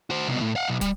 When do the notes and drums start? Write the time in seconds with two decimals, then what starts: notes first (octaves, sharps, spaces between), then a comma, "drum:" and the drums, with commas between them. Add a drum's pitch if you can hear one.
0.10 F#4 C5
0.27 C2 B2
0.41 A2
0.56 F5 F#5
0.68 B1
0.81 G3, drum: kick, hi-hat